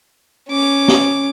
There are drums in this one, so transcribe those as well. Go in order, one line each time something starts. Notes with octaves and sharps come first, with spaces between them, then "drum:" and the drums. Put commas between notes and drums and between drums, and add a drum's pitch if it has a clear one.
C#4 D6
drum: snare